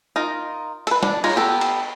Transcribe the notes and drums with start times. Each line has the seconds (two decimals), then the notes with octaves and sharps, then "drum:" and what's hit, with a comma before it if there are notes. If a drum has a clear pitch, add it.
0.16 D#4 F4 A#4
0.87 A4 B4, drum: cymbal
1.03 D4, drum: snare
1.24 G#3 D#4 F4 G#4 C#5, drum: cymbal
1.36 B3 G4 A4
1.61 drum: cymbal